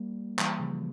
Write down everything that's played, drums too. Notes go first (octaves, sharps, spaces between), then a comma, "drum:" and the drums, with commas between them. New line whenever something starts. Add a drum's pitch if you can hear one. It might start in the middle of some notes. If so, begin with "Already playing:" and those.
Already playing: G3 A#3
E3 G3, drum: clap
C#3 F3